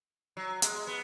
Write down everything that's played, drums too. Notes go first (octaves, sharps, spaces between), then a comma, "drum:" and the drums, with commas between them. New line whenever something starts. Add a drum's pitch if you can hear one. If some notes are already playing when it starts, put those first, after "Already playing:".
F#3
G#3, drum: hi-hat
B3